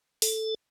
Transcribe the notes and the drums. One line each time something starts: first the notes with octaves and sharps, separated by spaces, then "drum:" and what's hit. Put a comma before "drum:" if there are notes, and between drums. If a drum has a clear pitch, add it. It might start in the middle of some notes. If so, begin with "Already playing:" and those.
A4, drum: open hi-hat